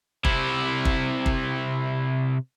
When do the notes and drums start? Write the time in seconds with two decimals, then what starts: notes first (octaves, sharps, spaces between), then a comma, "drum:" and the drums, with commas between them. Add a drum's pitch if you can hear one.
0.25 C3 E4, drum: kick
0.85 drum: kick
1.26 drum: kick